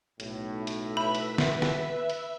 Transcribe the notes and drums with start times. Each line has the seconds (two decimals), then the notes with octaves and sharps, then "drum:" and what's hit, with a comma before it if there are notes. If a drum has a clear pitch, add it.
0.20 B1 A2, drum: hi-hat
0.67 drum: hi-hat
0.97 B4 E5 B5 B6
1.15 drum: hi-hat
1.38 drum: snare
1.62 drum: snare
2.10 drum: hi-hat